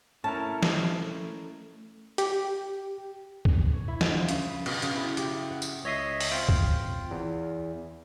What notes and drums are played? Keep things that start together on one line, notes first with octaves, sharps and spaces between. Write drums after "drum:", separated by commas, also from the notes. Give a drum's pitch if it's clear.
A3 C#4 E4 A#4 A5
drum: snare F3
G4, drum: hi-hat
drum: kick C#2
C#5
E4
D3, drum: snare F3
F4
C#3, drum: hi-hat
B4
B2, drum: cymbal
C#3, drum: hi-hat
E4
G4, drum: hi-hat
F#5
drum: tambourine
C#2 C#5 D#5 E5 D#6 C7
drum: open hi-hat
C4 F4 G5 F6
drum: kick C#2
E2